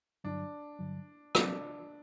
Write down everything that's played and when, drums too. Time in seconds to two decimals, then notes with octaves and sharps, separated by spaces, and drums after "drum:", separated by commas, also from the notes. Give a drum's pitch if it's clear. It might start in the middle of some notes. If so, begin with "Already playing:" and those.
0.24 G2 D3 F#3 D4
0.79 G2 D3 F#3
1.35 F#3 C4 D4 F#4 A4, drum: rim click